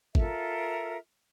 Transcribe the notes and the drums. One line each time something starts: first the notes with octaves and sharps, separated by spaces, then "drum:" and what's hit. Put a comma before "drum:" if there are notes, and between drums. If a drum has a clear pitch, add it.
F4 A4 A#4 E5, drum: kick G#1